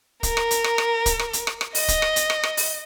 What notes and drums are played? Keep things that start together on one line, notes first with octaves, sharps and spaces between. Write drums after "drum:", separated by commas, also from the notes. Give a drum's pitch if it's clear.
A#4, drum: kick, hi-hat
drum: rim click
drum: hi-hat
drum: rim click
drum: rim click
drum: kick, hi-hat
drum: rim click
drum: hi-hat
drum: rim click
drum: rim click
D#5, drum: open hi-hat
drum: kick, hi-hat
drum: rim click
drum: hi-hat
drum: rim click
drum: rim click
drum: open hi-hat